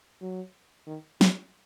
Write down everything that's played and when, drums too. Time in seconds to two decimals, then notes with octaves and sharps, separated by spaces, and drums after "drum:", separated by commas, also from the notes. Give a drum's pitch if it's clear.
0.21 F#3
0.87 D#3
1.21 F3, drum: snare